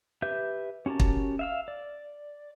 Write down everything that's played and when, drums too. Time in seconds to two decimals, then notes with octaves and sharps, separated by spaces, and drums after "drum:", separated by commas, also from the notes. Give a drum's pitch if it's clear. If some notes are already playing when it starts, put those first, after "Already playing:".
0.22 G4 B4 E5 G6
0.86 C#4 F#4 G4 A#4 A5
1.00 drum: kick
1.39 E5 F5 E6
1.68 D5